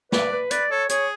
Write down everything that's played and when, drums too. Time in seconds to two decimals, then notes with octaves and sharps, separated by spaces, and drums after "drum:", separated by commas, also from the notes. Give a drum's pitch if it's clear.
0.12 B4 D5, drum: snare
0.32 B4
0.51 B4 D5, drum: hi-hat
0.71 A4 C#5
0.89 G#4 C#5, drum: hi-hat